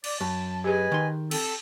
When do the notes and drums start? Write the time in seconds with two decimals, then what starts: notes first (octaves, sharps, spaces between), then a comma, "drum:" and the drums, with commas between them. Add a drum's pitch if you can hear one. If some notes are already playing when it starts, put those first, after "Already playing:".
0.04 D5, drum: cymbal
0.21 F#2 A5
0.64 G4 G#4 B4 D#5 G#5
0.92 D#3 C6
1.31 C4 A4, drum: cymbal